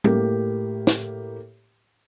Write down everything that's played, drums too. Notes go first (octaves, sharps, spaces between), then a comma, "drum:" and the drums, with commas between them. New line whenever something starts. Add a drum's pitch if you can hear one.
A2 A#3 G4, drum: tom G3
drum: snare